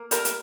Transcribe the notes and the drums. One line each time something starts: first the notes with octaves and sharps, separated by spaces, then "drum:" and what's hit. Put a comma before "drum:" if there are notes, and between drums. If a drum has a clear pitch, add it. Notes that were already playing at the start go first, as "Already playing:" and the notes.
Already playing: A#3
G3 A#4, drum: hi-hat
drum: hi-hat